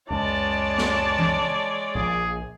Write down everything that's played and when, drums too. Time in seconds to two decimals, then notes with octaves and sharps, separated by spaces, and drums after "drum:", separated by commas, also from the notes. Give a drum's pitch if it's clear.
0.10 C#2 F#2 G#3 C#5 D5 A5
0.78 drum: snare
1.19 drum: tom E3
1.95 A#1 A#2 F3 G#4